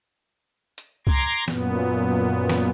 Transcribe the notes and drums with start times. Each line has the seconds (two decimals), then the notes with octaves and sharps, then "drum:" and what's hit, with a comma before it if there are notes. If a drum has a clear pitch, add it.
0.78 drum: hi-hat
1.07 A#5 C6 D6 G#6, drum: kick C2
1.48 F#2 A#2 B3, drum: snare
2.49 drum: snare